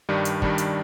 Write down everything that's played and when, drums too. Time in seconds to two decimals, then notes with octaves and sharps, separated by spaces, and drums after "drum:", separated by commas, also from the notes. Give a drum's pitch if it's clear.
0.09 G2 D#3 G3 D4
0.25 drum: hi-hat
0.42 G2 D#3 G3 D4, drum: kick
0.58 drum: hi-hat